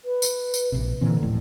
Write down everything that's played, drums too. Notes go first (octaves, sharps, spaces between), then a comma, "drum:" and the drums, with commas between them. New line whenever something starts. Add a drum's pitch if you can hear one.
B4
drum: tambourine
drum: tambourine
A#1 C3
A#2 D3 E3 C4
D#1 F2 A2